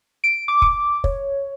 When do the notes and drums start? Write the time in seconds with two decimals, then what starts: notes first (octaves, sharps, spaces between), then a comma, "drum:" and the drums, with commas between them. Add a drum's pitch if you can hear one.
0.24 D7
0.48 D6
0.62 drum: kick
1.04 C#5, drum: kick